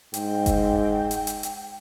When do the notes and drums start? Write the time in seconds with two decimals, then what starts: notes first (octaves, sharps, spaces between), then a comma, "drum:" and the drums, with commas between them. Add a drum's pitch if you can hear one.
0.14 G#2 G5, drum: hi-hat
0.46 drum: kick F#1, hi-hat
1.11 drum: hi-hat
1.27 drum: hi-hat
1.43 drum: hi-hat